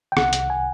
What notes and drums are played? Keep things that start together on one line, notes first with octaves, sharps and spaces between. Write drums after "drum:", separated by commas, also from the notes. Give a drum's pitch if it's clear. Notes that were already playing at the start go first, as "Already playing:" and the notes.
G5
C2 F#5, drum: rim click
C2, drum: hi-hat
G#5